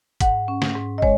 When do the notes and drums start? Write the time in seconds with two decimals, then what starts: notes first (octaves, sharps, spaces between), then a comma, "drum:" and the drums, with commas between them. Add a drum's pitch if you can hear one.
0.20 G#2 F#5, drum: kick, hi-hat
0.48 C#4
0.62 drum: snare
0.75 G#2
0.98 D#5
1.02 G#3 C#5, drum: kick